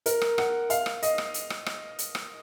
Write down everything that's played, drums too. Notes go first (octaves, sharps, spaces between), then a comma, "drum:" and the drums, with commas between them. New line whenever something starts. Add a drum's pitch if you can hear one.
A#4, drum: hi-hat
drum: rim click
F#5, drum: rim click
F5, drum: hi-hat
drum: rim click
D#5, drum: hi-hat
drum: rim click
drum: hi-hat
drum: rim click
drum: rim click
drum: hi-hat
drum: rim click